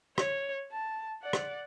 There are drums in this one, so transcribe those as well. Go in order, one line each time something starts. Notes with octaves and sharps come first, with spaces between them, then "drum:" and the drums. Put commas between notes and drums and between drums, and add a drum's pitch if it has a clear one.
C#5, drum: rim click
A5
D5 F#5
drum: rim click